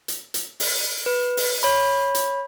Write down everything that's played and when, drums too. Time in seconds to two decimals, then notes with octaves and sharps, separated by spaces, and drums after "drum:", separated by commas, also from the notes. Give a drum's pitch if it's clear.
0.08 drum: hi-hat
0.34 drum: hi-hat
0.60 drum: open hi-hat
1.06 B4
1.37 drum: open hi-hat
1.63 C#5 B5, drum: hi-hat
2.15 drum: hi-hat